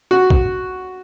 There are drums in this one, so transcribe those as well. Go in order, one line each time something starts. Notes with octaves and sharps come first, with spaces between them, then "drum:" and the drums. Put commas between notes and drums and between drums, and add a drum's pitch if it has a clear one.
F#4
drum: kick